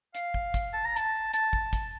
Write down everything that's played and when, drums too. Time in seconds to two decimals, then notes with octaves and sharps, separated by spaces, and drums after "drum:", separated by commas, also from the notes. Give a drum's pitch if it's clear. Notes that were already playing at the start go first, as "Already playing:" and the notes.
0.15 F5, drum: hi-hat
0.34 drum: kick
0.54 drum: kick, hi-hat
0.73 A5
0.85 A#5
0.96 A5, drum: hi-hat
1.33 A5, drum: hi-hat
1.53 drum: kick
1.73 drum: kick, hi-hat